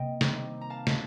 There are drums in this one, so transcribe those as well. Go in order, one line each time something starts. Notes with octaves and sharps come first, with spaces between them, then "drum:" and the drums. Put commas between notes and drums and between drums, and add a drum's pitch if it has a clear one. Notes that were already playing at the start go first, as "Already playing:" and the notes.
Already playing: C3 A#3 D#5 G5
D#3 G3 C4 D#4, drum: snare
A#5
F5 A5
drum: snare